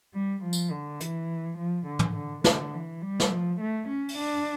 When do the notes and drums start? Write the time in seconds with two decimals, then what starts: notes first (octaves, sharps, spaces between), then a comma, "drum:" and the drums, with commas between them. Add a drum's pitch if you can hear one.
0.13 G3
0.43 F3
0.53 drum: tambourine
0.71 D3
1.00 E3, drum: hi-hat
1.58 F3
1.86 D3
1.99 drum: tom
2.15 D3
2.44 D3, drum: snare
2.73 E3
3.01 G3
3.20 drum: snare
3.30 F3
3.60 A3
3.88 C#4
4.08 drum: open hi-hat
4.18 D4